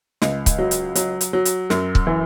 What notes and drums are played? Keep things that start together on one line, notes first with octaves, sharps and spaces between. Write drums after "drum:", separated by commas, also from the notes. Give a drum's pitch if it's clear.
C#2, drum: snare
drum: kick C#1, hi-hat
F#3
drum: hi-hat
F#3, drum: hi-hat
drum: hi-hat
F#3
drum: hi-hat
F#2, drum: snare
drum: kick C#1
E3